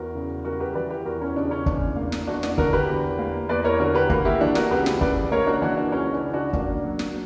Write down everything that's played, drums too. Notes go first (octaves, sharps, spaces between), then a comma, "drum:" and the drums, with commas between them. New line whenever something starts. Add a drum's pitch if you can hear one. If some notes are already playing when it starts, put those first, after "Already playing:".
Already playing: E2 E3 F#4 A#4
C#3
G3 F#4 A#4
G4 B4
E3 B4 D5
G4 B4
E2 F#4 A#4
C#4
C#3 D4
C#4
E2 D4, drum: kick
A#3
drum: snare
E2 D4 F#4
D4, drum: snare
D3 F#4 A#4, drum: kick
G4 B4
E2
A#3
E2 B4 D5
A#4 C#5
D3 F#4 A#4
G4 B4
A#3 F#4 A#4, drum: kick
E4 G4
E3 D4 F#4
F#4 A#4, drum: snare
C#2 G4 B4
drum: snare
C#3 B4 D5, drum: kick
A#3 A#4 C#5
D4 F#4
E3 D4 F#4
D4
C#2 C#4
D4
C#3
D4 F#4
A#3 D4, drum: kick
F#3
drum: snare